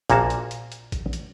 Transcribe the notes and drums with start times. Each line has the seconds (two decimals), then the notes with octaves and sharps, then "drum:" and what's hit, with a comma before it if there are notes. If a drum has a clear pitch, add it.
0.10 A#1 A#2 A#3 F#4 A5, drum: kick, hi-hat
0.30 drum: hi-hat
0.51 drum: hi-hat
0.72 drum: hi-hat
0.92 drum: kick, hi-hat
1.13 drum: hi-hat